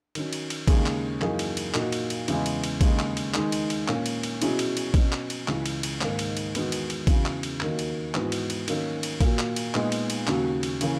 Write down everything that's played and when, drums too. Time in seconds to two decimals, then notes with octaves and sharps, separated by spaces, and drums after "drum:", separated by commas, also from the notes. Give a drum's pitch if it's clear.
0.15 D#3 F#3 C#4, drum: cymbal
0.33 drum: cymbal
0.50 drum: cymbal
0.68 D#2 C#3 G#3 C#4 G#4, drum: kick, cymbal
0.86 drum: clap
1.21 F#2 E3 A#3 D#4 G#4, drum: clap
1.39 drum: cymbal
1.57 drum: cymbal
1.74 A#2 A#3 D#4 F#4, drum: clap
1.92 drum: cymbal
2.10 drum: cymbal
2.28 E2 C#3 G#3, drum: cymbal
2.46 drum: cymbal
2.64 drum: cymbal
2.81 D#2 C#3 G#3, drum: kick, cymbal
2.99 drum: clap
3.17 drum: cymbal
3.34 D#3 G#3 D#4, drum: clap
3.52 drum: cymbal
3.70 drum: cymbal
3.88 A#2 A#3 C#4, drum: clap
4.06 drum: cymbal
4.23 drum: cymbal
4.42 B2 F#3 C#4 E4 G#4, drum: cymbal
4.59 drum: cymbal
4.77 drum: cymbal
4.94 B2 F#3 C#4 F#4, drum: kick, cymbal
5.12 drum: clap
5.30 drum: cymbal
5.48 C#2 C#3 E3, drum: clap
5.66 drum: cymbal
5.83 drum: cymbal
6.01 G#2 D#3 A#3, drum: clap
6.19 drum: cymbal
6.37 drum: cymbal
6.55 E2 D#3 G#3 B3 F#4, drum: cymbal
6.72 drum: cymbal
6.90 drum: cymbal
7.07 E2 C#3 F#3, drum: kick, cymbal
7.25 drum: clap
7.43 drum: cymbal
7.60 D#2 D#3 F#3 A#3, drum: clap
7.79 drum: cymbal
8.14 G#2 E3 B3 F#4, drum: clap
8.32 drum: cymbal
8.50 drum: cymbal
8.68 D#3 F#3 A#3 C#4 F#4, drum: cymbal
9.03 drum: cymbal
9.21 A#2 F#3 A#3, drum: kick, cymbal
9.39 drum: clap
9.56 drum: cymbal
9.74 A#2 G#3 B3 D#4, drum: clap
9.92 drum: cymbal
10.10 drum: cymbal
10.27 D#2 C#3 F#3 C#4 F#4, drum: clap
10.63 drum: cymbal
10.81 C#3 E3 A#3 C#4, drum: cymbal